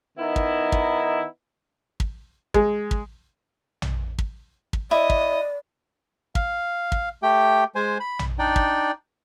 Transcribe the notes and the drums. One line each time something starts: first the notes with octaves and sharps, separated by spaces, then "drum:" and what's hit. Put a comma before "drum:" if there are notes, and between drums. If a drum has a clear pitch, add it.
D#3 B3 D#4 E4
drum: kick
drum: kick
drum: kick
G#3, drum: kick
drum: kick
drum: tom A#1
drum: kick
drum: kick
E4 D5 D#5
drum: kick
F5, drum: kick
drum: kick
A3 G4 G5
G#3 C5 G#5
B5
drum: tom A#1
D4 D#4 D5 G5
drum: kick